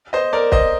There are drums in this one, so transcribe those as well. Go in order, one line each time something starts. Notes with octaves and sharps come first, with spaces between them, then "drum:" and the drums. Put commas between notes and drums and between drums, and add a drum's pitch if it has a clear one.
C5 D#5
A#4 D5
C5 D#5, drum: kick